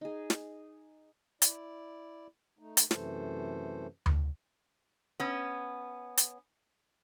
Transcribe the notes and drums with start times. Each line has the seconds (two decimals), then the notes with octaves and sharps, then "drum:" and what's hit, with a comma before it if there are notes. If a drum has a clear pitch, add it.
0.01 D#4 G#4
0.30 drum: snare
1.42 E4 D5, drum: hi-hat
2.59 A3 D#4
2.77 drum: hi-hat
2.91 F#2 C3 E3 A3 A4 C5, drum: snare
4.06 drum: tom D2
5.20 B3 C#4
6.18 drum: hi-hat